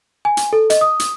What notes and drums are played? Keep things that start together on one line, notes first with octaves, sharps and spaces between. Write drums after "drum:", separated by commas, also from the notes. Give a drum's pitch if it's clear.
G#5
drum: hi-hat
A4
D#5, drum: hi-hat
D#6
drum: hi-hat